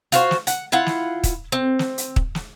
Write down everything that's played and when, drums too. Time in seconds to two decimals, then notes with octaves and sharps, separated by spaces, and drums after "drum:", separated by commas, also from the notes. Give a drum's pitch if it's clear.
0.12 F4 F#4 C5, drum: hi-hat
0.31 drum: snare
0.47 F#5, drum: hi-hat
0.72 E4 F4 F#5
0.86 drum: snare
1.24 drum: kick, hi-hat
1.52 C4
1.79 drum: snare
1.98 drum: hi-hat
2.16 drum: kick
2.35 drum: snare